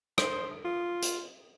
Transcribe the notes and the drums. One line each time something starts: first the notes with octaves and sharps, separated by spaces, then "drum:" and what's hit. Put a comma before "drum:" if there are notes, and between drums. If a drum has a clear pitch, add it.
C5, drum: rim click
F4
drum: hi-hat